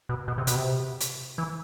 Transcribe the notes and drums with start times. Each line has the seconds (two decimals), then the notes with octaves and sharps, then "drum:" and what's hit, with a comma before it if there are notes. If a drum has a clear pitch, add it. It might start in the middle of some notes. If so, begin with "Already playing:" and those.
0.09 B2
0.28 B2
0.38 C3
0.47 B2, drum: hi-hat
0.55 C3
1.01 drum: hi-hat
1.38 E3